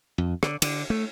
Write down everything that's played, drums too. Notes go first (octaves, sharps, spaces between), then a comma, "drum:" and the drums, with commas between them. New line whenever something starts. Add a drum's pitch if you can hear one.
F2
D3, drum: rim click
D3, drum: cymbal
A3